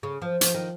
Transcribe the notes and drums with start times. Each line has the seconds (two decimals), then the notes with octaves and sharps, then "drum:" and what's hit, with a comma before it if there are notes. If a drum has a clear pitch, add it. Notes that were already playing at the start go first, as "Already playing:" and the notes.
0.03 C#3
0.22 F3
0.41 F3, drum: hi-hat
0.54 D#3